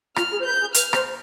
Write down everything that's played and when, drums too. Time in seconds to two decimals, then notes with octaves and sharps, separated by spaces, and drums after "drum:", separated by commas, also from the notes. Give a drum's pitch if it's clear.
0.16 F4 F6, drum: rim click
0.31 G#4
0.40 C5
0.45 B4 G6
0.59 G#4
0.74 B4 F6, drum: hi-hat
0.93 C5, drum: rim click